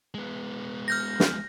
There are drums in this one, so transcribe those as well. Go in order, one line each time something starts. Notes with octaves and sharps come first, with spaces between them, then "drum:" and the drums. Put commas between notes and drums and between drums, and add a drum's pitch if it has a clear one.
G#3 B3
F6 G6 A#6
drum: snare